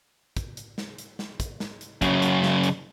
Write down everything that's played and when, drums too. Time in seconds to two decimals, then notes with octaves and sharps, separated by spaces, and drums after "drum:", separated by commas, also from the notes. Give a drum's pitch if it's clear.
0.37 drum: kick, hi-hat
0.57 drum: hi-hat
0.78 drum: snare
0.98 drum: hi-hat
1.19 drum: snare
1.40 drum: kick, hi-hat
1.60 drum: snare
1.81 drum: hi-hat
2.02 F#2 C#3, drum: kick, hi-hat
2.22 drum: hi-hat
2.43 drum: snare
2.64 drum: hi-hat